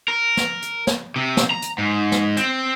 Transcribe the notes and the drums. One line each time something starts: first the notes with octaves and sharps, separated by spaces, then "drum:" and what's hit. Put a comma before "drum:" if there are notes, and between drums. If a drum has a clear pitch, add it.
A#4
drum: snare
drum: hi-hat
drum: snare
C3
drum: snare
A#5
drum: hi-hat
G#2
drum: snare
C4, drum: hi-hat